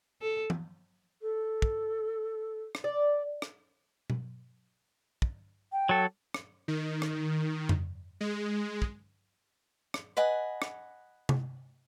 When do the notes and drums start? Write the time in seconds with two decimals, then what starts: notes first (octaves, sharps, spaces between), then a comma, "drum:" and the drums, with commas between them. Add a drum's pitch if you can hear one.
0.22 A4
0.50 drum: tom E3
1.22 A4
1.62 drum: kick
2.75 drum: rim click
2.84 D5
3.42 drum: rim click
4.10 drum: tom B2
5.22 drum: kick
5.72 G5
5.89 F#3 A4
6.34 drum: rim click
6.68 D#3
7.02 drum: rim click
7.69 drum: tom F2
8.21 G#3
8.82 drum: kick
9.94 drum: rim click
10.17 B4 D#5 F#5 G#5
10.62 drum: rim click
11.29 drum: tom C3